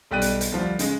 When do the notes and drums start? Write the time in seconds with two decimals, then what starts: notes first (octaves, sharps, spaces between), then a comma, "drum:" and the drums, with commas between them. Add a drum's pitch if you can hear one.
0.11 B1 G3 G5 F#6 D#7
0.22 drum: hi-hat
0.41 drum: hi-hat
0.52 D2 F3 G3
0.79 C#3 G#3, drum: hi-hat